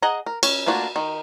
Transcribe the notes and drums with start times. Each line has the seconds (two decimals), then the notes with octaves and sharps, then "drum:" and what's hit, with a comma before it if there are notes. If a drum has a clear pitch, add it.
0.02 G#4 D#5 F#5 A#5
0.26 A#4
0.43 C#4, drum: cymbal
0.66 A3 A#3 D4 F4 F#4
0.96 D#3